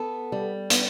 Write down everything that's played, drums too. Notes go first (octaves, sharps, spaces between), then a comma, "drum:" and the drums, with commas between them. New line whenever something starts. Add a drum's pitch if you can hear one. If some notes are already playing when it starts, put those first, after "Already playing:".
Already playing: B3 A4
G3
B3, drum: hi-hat